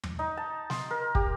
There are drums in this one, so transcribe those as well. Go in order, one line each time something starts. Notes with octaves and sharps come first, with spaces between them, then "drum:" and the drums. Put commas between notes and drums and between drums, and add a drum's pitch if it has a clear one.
drum: tom
D#4
A5
C6, drum: snare
A#4
G4, drum: kick